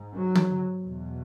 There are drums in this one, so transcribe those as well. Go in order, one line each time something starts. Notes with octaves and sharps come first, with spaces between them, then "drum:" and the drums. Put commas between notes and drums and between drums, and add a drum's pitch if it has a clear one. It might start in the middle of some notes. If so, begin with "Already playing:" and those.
Already playing: G#2
F#3
drum: tom D3
E2 B2